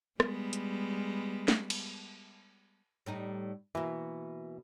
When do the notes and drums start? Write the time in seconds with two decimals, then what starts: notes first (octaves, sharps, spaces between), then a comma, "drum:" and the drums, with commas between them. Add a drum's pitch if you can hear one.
0.20 G3 G#3 B3, drum: rim click
0.53 drum: hi-hat
1.48 drum: snare
1.70 drum: cymbal
3.06 A2 G3 D#4
3.75 B2 E3 A#3